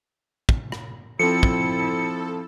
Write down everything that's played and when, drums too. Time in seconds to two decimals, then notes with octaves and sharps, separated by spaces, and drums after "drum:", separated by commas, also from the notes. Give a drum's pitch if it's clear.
0.49 drum: kick
0.72 drum: rim click
1.19 F3 C4 E4 A4 C#7
1.43 drum: kick